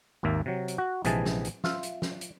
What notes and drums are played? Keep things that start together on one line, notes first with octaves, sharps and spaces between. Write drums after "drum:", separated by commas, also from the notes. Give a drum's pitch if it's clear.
G#1 D#2 A#3 A#4 E5
C3 F#3
drum: hi-hat
F#4
A#1 C3 E3 G#3 G#4 A5, drum: hi-hat
drum: snare
drum: hi-hat
F4 E5, drum: snare
drum: hi-hat
drum: snare
drum: hi-hat